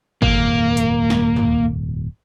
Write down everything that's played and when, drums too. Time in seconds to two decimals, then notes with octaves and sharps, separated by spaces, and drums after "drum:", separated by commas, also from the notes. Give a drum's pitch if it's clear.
0.22 D#1 F2 G#2 A#3, drum: kick G1
0.77 drum: hi-hat
1.10 drum: snare
1.36 drum: tom